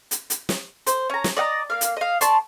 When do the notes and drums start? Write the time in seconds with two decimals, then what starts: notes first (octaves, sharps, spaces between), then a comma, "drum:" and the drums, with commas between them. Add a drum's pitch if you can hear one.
0.11 drum: hi-hat
0.30 drum: hi-hat
0.49 drum: snare
0.87 C5, drum: hi-hat
1.10 C#4 A#5
1.24 drum: snare
1.37 D5 D#5 F#5 A#5
1.70 A#3 F5
1.81 drum: hi-hat
1.97 D#5 F5
2.21 D5 A5 C6 C#6, drum: hi-hat